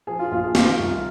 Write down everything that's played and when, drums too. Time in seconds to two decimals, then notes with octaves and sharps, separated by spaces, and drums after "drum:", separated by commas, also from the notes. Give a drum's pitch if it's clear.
0.07 F3 G#4
0.19 F4
0.31 A#1 F4
0.44 G#4
0.55 D#3 F4, drum: snare
0.79 C2